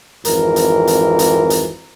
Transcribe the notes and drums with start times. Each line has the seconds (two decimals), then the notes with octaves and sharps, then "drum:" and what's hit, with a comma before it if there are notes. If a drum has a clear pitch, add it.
0.25 G#1 F2 E3 A#4, drum: hi-hat
0.56 drum: hi-hat
0.87 drum: hi-hat
1.19 drum: hi-hat
1.50 drum: hi-hat